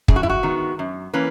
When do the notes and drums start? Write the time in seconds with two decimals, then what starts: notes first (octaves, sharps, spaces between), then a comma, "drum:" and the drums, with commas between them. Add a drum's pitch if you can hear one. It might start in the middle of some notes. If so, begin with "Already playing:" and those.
0.08 F#2 G#4, drum: kick
0.16 F#4
0.23 E4
0.29 F#4
0.43 D#3 G#3 B3
0.79 F#2
1.14 E3 A#3 C#4 B4